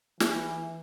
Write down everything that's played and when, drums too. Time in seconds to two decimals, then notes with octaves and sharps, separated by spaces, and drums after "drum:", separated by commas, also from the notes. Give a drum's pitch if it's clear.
0.20 E3, drum: snare